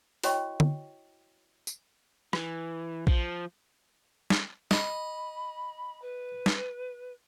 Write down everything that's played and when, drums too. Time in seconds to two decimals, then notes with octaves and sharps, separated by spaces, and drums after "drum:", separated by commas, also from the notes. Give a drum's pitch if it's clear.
0.23 E4 F#4 C#5 D#5 G5 C#6, drum: open hi-hat
0.60 drum: tom D3
1.67 drum: tambourine
2.33 E3, drum: rim click
3.07 F3, drum: kick A#1
4.30 drum: snare
4.71 D#5 B5, drum: snare
6.02 B4
6.46 drum: snare